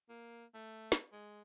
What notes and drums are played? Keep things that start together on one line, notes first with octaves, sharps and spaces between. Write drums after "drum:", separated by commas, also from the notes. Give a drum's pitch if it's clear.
A#3
A3
drum: snare
G#3